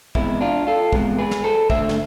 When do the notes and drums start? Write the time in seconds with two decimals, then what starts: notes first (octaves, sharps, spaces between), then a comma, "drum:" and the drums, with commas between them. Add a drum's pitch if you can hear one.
0.15 E2 C3 G#3 B3 E4, drum: kick
0.41 D4 F4
0.67 F4 A4
0.93 E2 C3 G#3 B3, drum: kick
1.18 G#4 B4
1.31 drum: snare
1.44 A4 C5
1.70 D2 D3 A3 C5 E5, drum: kick
1.89 drum: snare